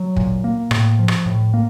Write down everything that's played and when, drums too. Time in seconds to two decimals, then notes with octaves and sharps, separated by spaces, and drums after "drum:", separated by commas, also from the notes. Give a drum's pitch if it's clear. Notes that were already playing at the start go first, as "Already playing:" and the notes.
Already playing: F#3
0.16 A#2, drum: kick
0.44 A#3
0.71 A2, drum: rim click
0.99 F3
1.08 drum: rim click
1.26 A2
1.54 A#3